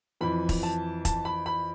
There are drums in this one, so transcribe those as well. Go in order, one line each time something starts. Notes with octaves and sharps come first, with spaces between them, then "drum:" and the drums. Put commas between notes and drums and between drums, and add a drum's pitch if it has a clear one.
F2 E3 B5
drum: kick E1, open hi-hat
A5
A5, drum: kick E1, hi-hat
B5
B5